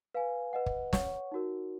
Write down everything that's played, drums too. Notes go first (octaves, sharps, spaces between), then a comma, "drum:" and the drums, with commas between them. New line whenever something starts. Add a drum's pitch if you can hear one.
B4 F5 G#5
B4 D#5 F#5
drum: kick
C#5 F#5 C#6, drum: snare
D#4 F#4 A#4